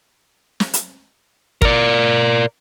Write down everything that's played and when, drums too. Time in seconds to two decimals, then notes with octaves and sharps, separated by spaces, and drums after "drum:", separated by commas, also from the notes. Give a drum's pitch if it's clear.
0.60 drum: snare
0.74 drum: hi-hat
1.62 A#4 D5, drum: kick